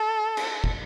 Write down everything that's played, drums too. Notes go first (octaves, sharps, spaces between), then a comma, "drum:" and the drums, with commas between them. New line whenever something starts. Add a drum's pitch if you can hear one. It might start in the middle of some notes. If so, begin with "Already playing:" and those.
Already playing: A4
drum: cymbal
drum: kick